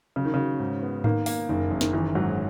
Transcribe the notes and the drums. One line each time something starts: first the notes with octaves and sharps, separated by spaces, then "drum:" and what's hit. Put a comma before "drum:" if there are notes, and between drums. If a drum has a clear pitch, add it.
C#3 F#3
D#3
C#3 F#4
G#2
B3
D#3 A#3, drum: tom G#2
A#3, drum: open hi-hat
F#1 D#3
F#1
D#3, drum: snare
D#3 E3
G#2 F#3